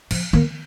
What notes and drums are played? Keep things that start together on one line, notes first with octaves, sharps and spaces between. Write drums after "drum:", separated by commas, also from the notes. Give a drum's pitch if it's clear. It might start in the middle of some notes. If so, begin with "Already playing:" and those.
F3, drum: cymbal
A#3, drum: tom D3